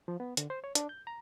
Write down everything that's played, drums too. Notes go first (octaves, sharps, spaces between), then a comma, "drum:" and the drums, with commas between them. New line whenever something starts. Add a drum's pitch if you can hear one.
F3
B3
D3, drum: hi-hat
C5
C#5
D4, drum: hi-hat
G6
A#5